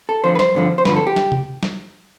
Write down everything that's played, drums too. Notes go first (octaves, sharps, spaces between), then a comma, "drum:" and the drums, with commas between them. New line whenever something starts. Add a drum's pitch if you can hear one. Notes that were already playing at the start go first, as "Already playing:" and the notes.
A4
D2 D3 F3 C5
B4
C5, drum: snare
G2 D3 F3
C5
G2 D3 F3 B4, drum: snare
A4
G4
drum: snare
drum: tom C3
drum: snare